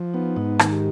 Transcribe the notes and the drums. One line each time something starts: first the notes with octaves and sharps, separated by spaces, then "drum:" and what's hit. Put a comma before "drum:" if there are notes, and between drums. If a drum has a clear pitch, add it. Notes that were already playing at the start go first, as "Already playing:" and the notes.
Already playing: F3
B3 D#4
G#2 D#4
D#3 D#4, drum: rim click
G4